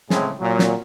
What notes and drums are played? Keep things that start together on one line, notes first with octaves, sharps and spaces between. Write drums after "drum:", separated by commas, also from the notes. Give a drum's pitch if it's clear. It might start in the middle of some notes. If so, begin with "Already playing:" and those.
A2 C#3 G#3 C4 E4 G#4, drum: snare
A#2 F#3
drum: snare